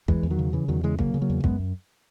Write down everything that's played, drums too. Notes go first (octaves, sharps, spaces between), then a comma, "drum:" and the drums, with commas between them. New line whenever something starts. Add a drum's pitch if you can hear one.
E2 E3 G#3, drum: kick
E2
D#3 F#3
C#3
C#3 E3
E2 D#3 F#3
C#3 E3 G#3
C#3 F#3 A#3, drum: kick
C#3
F#3 A#3
E2
F#2 G#3 B3, drum: kick